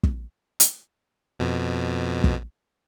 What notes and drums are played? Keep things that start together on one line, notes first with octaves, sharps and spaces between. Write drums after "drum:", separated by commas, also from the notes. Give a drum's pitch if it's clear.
drum: kick
drum: hi-hat
F2 B2
drum: kick